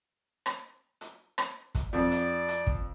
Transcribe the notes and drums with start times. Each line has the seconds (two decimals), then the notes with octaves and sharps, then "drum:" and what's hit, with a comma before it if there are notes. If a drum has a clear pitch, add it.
0.46 drum: rim click
1.01 drum: hi-hat
1.38 drum: rim click
1.75 drum: kick, hi-hat
1.93 F2 D5
2.11 drum: hi-hat
2.48 drum: hi-hat
2.67 drum: kick